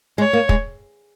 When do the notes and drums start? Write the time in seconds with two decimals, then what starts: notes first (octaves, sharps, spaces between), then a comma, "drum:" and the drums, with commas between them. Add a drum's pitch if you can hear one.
0.18 G#3 C#5
0.33 A#3
0.49 G#3, drum: kick